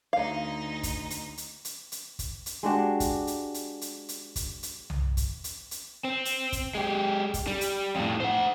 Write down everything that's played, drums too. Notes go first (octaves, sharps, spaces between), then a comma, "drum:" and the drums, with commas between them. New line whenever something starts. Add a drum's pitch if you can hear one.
D2 D#4 F5
drum: kick, hi-hat
drum: hi-hat
drum: hi-hat
drum: hi-hat
drum: hi-hat
drum: kick, hi-hat
drum: hi-hat
G#3 D4 F#4 G4
drum: kick, hi-hat
drum: hi-hat
drum: hi-hat
drum: hi-hat
drum: hi-hat
drum: kick, hi-hat
drum: hi-hat
drum: tom B1
drum: kick, hi-hat
drum: hi-hat
drum: hi-hat
C4
drum: hi-hat
drum: kick, hi-hat
G#3 G4
drum: kick, hi-hat
G3
drum: hi-hat
F2 A2
C5 F#5